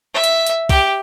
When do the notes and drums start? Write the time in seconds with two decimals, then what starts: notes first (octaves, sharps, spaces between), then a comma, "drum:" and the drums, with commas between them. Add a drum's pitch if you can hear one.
0.14 E5
0.24 drum: hi-hat
0.47 drum: hi-hat
0.69 G4, drum: kick, open hi-hat